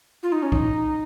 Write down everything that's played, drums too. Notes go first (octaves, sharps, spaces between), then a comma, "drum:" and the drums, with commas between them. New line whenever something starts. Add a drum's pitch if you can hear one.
F4
D#4
C#4
D#4, drum: kick B1